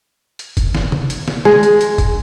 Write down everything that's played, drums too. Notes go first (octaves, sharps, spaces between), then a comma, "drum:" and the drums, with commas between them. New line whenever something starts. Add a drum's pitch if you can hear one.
drum: hi-hat
drum: kick, hi-hat
drum: snare
drum: tom C3
drum: hi-hat
drum: snare
G#3, drum: snare
drum: hi-hat
drum: hi-hat
drum: kick, hi-hat